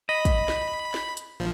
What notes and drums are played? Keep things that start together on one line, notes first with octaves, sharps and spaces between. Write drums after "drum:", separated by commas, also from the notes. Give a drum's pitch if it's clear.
D#5 B5
drum: kick, hi-hat
drum: snare
drum: snare
drum: hi-hat
A#1 F3